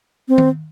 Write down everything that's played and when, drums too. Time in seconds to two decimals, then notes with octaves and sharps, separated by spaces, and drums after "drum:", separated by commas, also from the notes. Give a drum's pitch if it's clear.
0.28 C4
0.38 drum: tom D#3